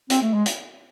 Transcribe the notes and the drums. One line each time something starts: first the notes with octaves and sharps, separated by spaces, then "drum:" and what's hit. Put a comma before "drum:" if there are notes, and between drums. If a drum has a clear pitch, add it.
C4, drum: hi-hat
A3
G#3
drum: hi-hat